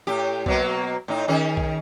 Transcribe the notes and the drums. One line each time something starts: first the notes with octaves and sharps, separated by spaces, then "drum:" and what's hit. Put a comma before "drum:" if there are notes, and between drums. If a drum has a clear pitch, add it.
A2 G4
B2 F#3 A#3, drum: kick B1
A2 D#4
D#3 C#4 G#4
drum: kick B1